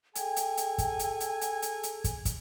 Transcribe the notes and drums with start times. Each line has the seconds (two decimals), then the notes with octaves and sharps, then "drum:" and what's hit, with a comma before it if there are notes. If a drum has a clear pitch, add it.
0.15 G#4 A4 G5 G#5, drum: hi-hat
0.36 drum: hi-hat
0.57 drum: hi-hat
0.78 drum: kick, hi-hat
0.99 drum: hi-hat
1.20 drum: hi-hat
1.41 drum: hi-hat
1.62 drum: hi-hat
1.83 drum: hi-hat
2.04 drum: kick, hi-hat
2.25 drum: kick, hi-hat